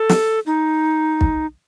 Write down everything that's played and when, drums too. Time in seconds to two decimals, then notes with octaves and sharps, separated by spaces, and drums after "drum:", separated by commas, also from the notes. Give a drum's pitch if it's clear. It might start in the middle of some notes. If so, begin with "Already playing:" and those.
Already playing: A4
0.09 drum: snare
0.46 D#4
1.21 drum: kick